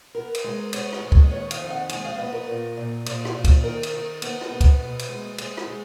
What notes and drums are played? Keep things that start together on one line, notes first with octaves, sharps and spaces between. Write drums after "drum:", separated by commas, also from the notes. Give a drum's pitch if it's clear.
B3 A#4
drum: cymbal
G#3
B3 C#5, drum: cymbal
drum: rim click
G#3
drum: kick
D#5
D#3 C#5
F5, drum: cymbal
F2
F#5
G#3 G#5, drum: cymbal
F5
B3 D#5
A#4
A#2
A#2
A#2, drum: cymbal
drum: rim click
A#2
drum: kick, cymbal
D#3 A#4
drum: cymbal
D#3
B3, drum: cymbal
drum: rim click
B3
drum: kick, cymbal
B2
drum: cymbal
G#3
G#3 G#4, drum: cymbal
drum: rim click
G#3